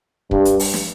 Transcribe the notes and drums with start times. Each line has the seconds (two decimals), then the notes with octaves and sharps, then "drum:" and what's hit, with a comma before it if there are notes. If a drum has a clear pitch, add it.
0.31 G2, drum: kick
0.45 drum: hi-hat
0.60 drum: open hi-hat
0.74 drum: snare